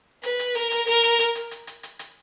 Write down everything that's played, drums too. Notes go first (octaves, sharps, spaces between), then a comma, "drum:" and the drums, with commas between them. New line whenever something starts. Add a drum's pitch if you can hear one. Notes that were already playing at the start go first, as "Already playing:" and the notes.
B4, drum: hi-hat
drum: hi-hat
A#4, drum: hi-hat
drum: hi-hat
A#4, drum: hi-hat
drum: hi-hat
drum: hi-hat
drum: hi-hat
drum: hi-hat
drum: hi-hat
drum: hi-hat
drum: hi-hat